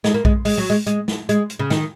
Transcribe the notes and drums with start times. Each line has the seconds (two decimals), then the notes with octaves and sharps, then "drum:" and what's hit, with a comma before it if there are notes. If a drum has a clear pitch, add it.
0.04 G#3, drum: snare
0.14 A#3
0.25 G#3, drum: kick A#1
0.45 G#3, drum: open hi-hat
0.58 F#3
0.70 G#3
0.86 G#3, drum: hi-hat
1.08 drum: snare
1.29 G#3, drum: hi-hat
1.50 drum: hi-hat
1.59 C#3
1.70 D#3, drum: snare